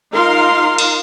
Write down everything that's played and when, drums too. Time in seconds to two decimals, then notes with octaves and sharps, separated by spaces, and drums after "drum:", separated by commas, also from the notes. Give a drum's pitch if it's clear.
0.13 D#4 F4 A#4 F5 C6
0.78 drum: cymbal